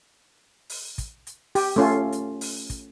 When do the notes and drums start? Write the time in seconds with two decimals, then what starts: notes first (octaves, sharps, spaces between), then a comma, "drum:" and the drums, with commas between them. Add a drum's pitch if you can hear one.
0.70 drum: open hi-hat
0.98 drum: kick, hi-hat
1.27 drum: hi-hat
1.55 G4, drum: open hi-hat
1.76 A3 C#4 F4
2.12 drum: hi-hat
2.41 drum: open hi-hat
2.70 drum: kick, hi-hat